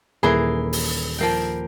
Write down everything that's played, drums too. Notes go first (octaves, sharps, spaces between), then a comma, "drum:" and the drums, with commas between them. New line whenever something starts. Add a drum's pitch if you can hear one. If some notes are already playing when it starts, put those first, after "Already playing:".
D#1 E3 A#3 G#4 B5 G7
drum: open hi-hat
F3 A#3 G5